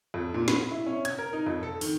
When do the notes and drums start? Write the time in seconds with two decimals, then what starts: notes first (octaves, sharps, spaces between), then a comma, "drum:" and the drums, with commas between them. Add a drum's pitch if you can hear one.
0.14 F2
0.34 A#2
0.48 B5, drum: snare
0.71 E4
0.87 C#4
1.05 G#6, drum: hi-hat
1.19 A#4
1.33 D#4
1.46 F2
1.63 A4
1.81 D#3, drum: open hi-hat